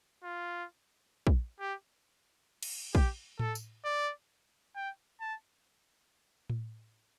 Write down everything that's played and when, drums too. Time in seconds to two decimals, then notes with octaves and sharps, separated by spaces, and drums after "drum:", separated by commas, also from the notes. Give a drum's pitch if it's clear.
0.24 F4
1.27 drum: kick
1.60 G4
2.63 drum: cymbal
2.95 G4, drum: kick
3.39 A4, drum: tom A2
3.55 drum: tambourine
3.85 D5
4.76 G5
5.20 A5
6.50 drum: tom A2